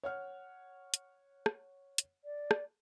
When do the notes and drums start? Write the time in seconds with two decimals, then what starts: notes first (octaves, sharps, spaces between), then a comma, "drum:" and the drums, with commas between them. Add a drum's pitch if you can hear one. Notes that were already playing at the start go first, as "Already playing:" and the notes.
0.03 C#5 F#5 F6
0.94 drum: hi-hat
1.46 drum: rim click
1.98 drum: hi-hat
2.25 D5
2.51 drum: rim click